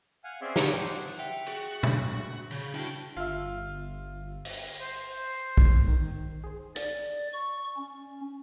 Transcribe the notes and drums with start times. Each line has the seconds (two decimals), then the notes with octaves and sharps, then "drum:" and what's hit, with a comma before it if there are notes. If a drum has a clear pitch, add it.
0.24 F5 F#5 G#5
0.41 C4 C#4 G#4 D5 E5 C6
0.56 F#4 D5 F#5 G#5 D#6, drum: snare
0.73 C5 D5 F#5
1.19 E5 F#5 G5
1.48 F#4 G#4
1.83 D4, drum: tom A#2
2.52 C#3
2.74 D4 E4 F#4 G5
3.17 G1 F4 E5
4.45 drum: open hi-hat
4.81 C5
5.57 A#2 D#3 G#6, drum: kick
5.88 D#3
6.44 G#4 C5
6.76 D5, drum: hi-hat
7.33 C#6
7.77 C#4